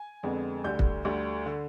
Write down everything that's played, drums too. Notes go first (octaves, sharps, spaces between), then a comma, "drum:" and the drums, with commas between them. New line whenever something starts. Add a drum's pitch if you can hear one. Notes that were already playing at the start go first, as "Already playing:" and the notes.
Already playing: G#5
F2 D3 G#3 B3
D2 D3 G3 G6
drum: kick
D2 D3 G3
D3